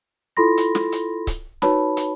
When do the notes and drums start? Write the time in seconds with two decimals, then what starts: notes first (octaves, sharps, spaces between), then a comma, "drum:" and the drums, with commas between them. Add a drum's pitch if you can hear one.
0.37 E4 F4 A4 B5 C6 A#6
0.57 drum: hi-hat
0.75 drum: snare
0.92 drum: hi-hat
1.27 drum: kick C#1, hi-hat
1.62 D#4 F#4 B4 C#5 A5 B5, drum: snare
1.97 drum: hi-hat